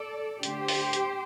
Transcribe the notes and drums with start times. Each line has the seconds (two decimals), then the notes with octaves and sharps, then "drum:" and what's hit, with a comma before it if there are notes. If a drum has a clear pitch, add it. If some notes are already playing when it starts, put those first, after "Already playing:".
Already playing: A4 D5
0.43 D3 A3 G4 C5, drum: hi-hat
0.68 drum: open hi-hat
0.93 drum: hi-hat